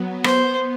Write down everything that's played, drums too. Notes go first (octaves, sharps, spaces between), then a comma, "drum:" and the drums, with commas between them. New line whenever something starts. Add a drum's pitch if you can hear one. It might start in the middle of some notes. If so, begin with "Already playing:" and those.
Already playing: F#3 B3
B3 C5, drum: rim click